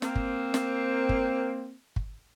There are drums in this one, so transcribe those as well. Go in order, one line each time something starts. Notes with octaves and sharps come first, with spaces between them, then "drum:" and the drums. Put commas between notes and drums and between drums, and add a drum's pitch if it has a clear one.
A#3 C4, drum: snare
drum: kick
drum: snare
drum: kick
drum: kick